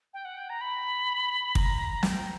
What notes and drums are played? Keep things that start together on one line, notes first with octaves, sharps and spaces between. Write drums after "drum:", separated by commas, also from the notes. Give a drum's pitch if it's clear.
G5
F#5
G5
A#5
B5
A#5, drum: kick
G5, drum: snare